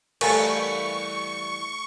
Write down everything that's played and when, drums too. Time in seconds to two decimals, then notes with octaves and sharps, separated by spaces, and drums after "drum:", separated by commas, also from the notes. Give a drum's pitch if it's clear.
0.21 E3 G3 A3 A4 A#4 G#5 C#6, drum: cymbal